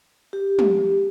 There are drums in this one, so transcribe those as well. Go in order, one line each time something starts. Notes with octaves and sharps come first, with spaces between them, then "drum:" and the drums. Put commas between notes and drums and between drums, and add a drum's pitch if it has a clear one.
G4
drum: tom